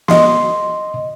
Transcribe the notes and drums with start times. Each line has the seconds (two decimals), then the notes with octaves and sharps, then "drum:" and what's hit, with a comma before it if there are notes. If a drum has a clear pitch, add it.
0.08 D#5 C6, drum: snare